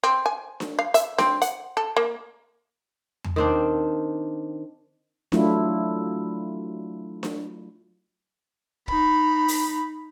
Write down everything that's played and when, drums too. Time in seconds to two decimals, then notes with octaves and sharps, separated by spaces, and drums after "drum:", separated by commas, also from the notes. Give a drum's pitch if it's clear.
0.04 C4
0.26 G#5
0.60 drum: snare D4
0.79 F5
0.94 E5, drum: hi-hat
1.18 C4, drum: snare D4
1.42 F#5, drum: hi-hat
1.77 A4
1.96 A#3
3.24 drum: tom E2
3.36 D#3 C4 D4
5.32 F#3 A3 D4 E4 F4, drum: snare D4
7.23 drum: snare D4
8.88 D#4 B5, drum: kick
9.48 drum: open hi-hat